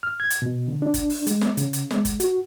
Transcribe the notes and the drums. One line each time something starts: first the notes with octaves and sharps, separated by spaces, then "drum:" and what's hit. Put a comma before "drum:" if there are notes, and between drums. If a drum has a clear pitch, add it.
F6
G#6
drum: hi-hat
B2
D3
D4
drum: kick, hi-hat
drum: open hi-hat
G#3, drum: hi-hat
drum: snare
C#3, drum: hi-hat
drum: hi-hat
G#3, drum: snare
drum: kick, hi-hat
F#4, drum: hi-hat